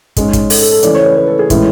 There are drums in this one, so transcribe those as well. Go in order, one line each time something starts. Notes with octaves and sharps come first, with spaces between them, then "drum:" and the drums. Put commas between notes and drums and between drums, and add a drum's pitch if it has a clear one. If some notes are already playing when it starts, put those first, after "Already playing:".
G#2 G#3 C#4, drum: kick, hi-hat
drum: kick, hi-hat
A4, drum: open hi-hat
A4
A4
C#3 E3 A3 C#4 D5, drum: hi-hat
C#5
B4
B4
A4
G#4
A2 E3 G#3 C#4, drum: kick, hi-hat